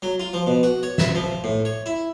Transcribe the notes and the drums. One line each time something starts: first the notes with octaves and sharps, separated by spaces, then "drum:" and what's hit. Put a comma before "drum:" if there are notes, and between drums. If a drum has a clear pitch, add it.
F#3
F4
F3
B2
F#4
C#5
E5, drum: snare
F3
A2
C#5
E4